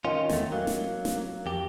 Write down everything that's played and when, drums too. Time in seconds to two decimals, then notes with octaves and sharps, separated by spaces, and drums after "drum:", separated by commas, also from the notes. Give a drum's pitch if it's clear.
0.05 D#3 C#4 F4
0.29 E2 A3, drum: snare
0.52 F#3 A#3
0.67 drum: snare
1.05 drum: snare
1.46 F2 G4